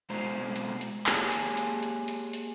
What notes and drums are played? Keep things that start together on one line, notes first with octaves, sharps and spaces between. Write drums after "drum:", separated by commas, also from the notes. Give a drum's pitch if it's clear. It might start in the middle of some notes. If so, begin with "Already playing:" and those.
B2 G#3 F4 C5 A#5
drum: hi-hat
drum: hi-hat
A#3 G4 G#4 C#5 G#5 A5, drum: clap
drum: hi-hat
drum: hi-hat
drum: hi-hat
drum: hi-hat
drum: hi-hat